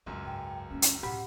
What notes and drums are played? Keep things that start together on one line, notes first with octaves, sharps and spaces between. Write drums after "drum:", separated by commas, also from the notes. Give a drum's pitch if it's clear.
C#2 F#2 F#3 A3
G#2 G5
A3 A#3 C#4
drum: hi-hat
A2 C3 G4 F#5 B5